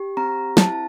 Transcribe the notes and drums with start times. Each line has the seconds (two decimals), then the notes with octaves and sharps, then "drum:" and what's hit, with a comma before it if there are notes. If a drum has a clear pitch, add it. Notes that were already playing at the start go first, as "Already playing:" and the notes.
Already playing: G4
0.17 C4 A#5
0.57 E4 A5, drum: snare